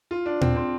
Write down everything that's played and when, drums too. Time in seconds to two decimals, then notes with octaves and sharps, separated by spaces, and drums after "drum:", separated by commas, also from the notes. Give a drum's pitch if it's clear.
0.11 F4
0.26 D4
0.41 C4, drum: tom A#2
0.56 C4